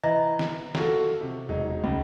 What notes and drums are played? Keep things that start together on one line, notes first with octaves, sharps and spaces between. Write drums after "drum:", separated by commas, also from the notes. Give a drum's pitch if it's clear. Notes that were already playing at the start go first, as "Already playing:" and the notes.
E3 D#5 E5 A#5
drum: snare
F4 F#4 A4, drum: snare
C3
E1 F#3 D#4
C#2